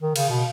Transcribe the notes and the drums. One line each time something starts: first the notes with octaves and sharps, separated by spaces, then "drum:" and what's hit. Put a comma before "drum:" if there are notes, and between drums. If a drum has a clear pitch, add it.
D#3
C#3, drum: cymbal
B2